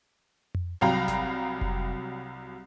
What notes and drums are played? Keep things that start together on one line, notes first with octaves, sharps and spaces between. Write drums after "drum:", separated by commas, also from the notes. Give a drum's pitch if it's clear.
drum: tom F2
C2 F#3 F5 G5 A#5 B5
drum: snare G#1
drum: kick F1